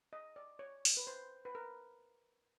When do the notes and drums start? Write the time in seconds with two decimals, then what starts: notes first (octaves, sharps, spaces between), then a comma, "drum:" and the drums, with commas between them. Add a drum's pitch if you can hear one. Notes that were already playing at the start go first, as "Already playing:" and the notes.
0.13 D#5
0.36 D5
0.59 C#5
0.85 drum: open hi-hat
0.97 B4
1.07 C5
1.45 B4
1.55 A#4